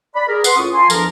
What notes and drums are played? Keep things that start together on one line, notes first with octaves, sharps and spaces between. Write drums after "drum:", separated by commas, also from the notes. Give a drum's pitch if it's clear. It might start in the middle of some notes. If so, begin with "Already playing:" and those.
D5 B5
G#4 A#4
B4 F#5 C6, drum: tambourine
A2 C#4 F4 C#6 D#6
F4 G#5 A5 C6
E2 F3 D4 A4 A#4, drum: tambourine